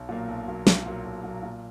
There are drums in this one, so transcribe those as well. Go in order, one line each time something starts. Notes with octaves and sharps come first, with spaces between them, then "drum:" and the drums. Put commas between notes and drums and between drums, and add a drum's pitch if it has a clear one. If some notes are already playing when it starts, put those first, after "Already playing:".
Already playing: B1
A#2 F#3 A#3
B1
A#2 F#3 A#3
B1, drum: snare
A#2 F#3 A#3
B1
A#2 F#3 A#3
A#2